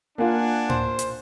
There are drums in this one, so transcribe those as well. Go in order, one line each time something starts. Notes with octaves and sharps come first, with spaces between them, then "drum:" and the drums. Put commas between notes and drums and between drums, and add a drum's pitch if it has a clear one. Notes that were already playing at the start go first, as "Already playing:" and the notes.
A#3 D4 F4 F#5 G#5
C5, drum: tom A2
drum: hi-hat